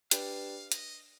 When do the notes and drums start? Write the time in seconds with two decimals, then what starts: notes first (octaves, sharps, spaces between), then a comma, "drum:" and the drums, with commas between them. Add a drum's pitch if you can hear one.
0.11 D4 G4 B4 D5 F5 G5, drum: hi-hat
0.72 D#5, drum: hi-hat